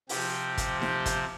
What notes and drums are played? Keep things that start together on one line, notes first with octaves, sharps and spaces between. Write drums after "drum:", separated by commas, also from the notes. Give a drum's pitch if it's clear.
C3 F3 G4, drum: open hi-hat
drum: kick, hi-hat
G4, drum: snare D#4
drum: kick, hi-hat